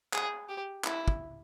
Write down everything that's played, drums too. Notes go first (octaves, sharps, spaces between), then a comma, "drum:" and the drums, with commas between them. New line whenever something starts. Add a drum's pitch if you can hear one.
G#4, drum: clap
G4
E4, drum: clap
drum: kick